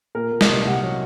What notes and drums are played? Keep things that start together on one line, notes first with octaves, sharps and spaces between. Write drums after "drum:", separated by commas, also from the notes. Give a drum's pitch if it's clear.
A#2 A#4
A#2
D#5, drum: snare
C2
C2 F#5
F#3